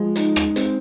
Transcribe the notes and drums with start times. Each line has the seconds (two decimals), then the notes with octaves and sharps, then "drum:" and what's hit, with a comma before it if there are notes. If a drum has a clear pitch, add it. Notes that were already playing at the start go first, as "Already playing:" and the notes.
Already playing: F3 G#3
0.16 D#4, drum: hi-hat
0.36 drum: rim click
0.56 C4, drum: hi-hat